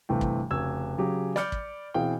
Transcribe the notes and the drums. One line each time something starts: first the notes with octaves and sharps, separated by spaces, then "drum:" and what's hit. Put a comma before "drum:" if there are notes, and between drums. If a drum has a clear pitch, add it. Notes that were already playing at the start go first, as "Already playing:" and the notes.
G1 C3 E3 A3 G5
drum: kick
F1 C#3 F#4 E6 G#6
C#3 F#3 G4 G#4
D5 B5 D6 F6 G6 C#7, drum: snare
drum: kick
B2 E3 C4 G#4 F5 G5